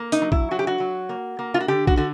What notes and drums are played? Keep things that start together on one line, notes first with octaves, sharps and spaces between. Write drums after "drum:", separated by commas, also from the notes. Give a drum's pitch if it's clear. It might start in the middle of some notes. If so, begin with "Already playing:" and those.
Already playing: A#3
D#4, drum: hi-hat
F#3
E4, drum: kick A#1
F#3 F#4
G4
F#4
F#3
A#3
A#3
F4
F#4
D3 G4
F#4, drum: kick A#1
D3 F#4